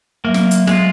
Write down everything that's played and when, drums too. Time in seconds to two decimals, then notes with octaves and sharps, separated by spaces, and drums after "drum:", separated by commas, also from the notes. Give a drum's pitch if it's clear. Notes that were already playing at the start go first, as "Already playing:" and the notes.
0.25 F#3 A#3 E5
0.34 drum: snare
0.51 drum: hi-hat
0.67 G#3 F4, drum: snare